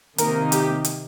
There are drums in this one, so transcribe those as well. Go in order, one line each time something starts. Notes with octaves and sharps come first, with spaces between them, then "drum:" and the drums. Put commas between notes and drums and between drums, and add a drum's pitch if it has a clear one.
C3 D#3 A#3 D#4 A#4, drum: hi-hat
G4, drum: hi-hat
drum: hi-hat